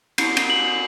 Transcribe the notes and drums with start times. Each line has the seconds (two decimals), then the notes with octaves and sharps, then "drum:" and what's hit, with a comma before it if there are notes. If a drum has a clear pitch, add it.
0.18 C7, drum: cymbal
0.37 drum: cymbal
0.50 F#7